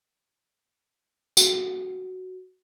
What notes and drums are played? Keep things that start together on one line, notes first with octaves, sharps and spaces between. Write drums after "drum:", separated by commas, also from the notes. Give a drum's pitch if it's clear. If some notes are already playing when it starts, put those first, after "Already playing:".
F#4, drum: tambourine